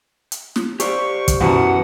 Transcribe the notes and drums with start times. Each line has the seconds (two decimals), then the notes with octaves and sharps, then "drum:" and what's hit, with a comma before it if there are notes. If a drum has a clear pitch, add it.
0.32 drum: hi-hat
0.56 drum: snare
0.80 G4 C5 D5 C#6, drum: hi-hat
1.28 drum: kick, hi-hat
1.40 F#2 B2 E3 F#5